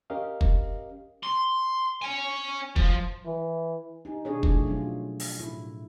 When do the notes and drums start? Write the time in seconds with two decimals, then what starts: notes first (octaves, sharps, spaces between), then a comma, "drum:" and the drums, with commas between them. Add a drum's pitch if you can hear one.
0.10 C#4 G4 A#4 D#5 F5
0.41 drum: kick
1.23 C6
2.02 C#5 G#5
2.76 F3, drum: kick
3.25 E3
4.05 D#4 G4 G#5
4.25 B2 D3 D4 G#4 C#5
4.43 F3 A3 E4, drum: kick
4.66 F#3 C#4 F4
5.20 drum: open hi-hat
5.39 A2 E4